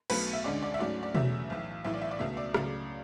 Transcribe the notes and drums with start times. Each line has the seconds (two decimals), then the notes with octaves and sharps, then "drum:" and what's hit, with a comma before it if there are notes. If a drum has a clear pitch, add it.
0.10 B1 B2 A3 B4, drum: cymbal
0.33 E5
0.44 D2 D3 G#3 C#4 D5
0.63 D5
0.74 E5
0.79 G#2 F#3 A3 C#4 D5
1.03 D5
1.15 E2 C#3 F#3 A3 E5, drum: tom B2
1.50 B1 A2 E3
1.84 B1 A2 E3 E5
1.94 D5
2.01 E5
2.11 D5
2.19 C#2 B2 A3 E5
2.37 D5
2.54 C#2 C#3 F#3 A3, drum: rim click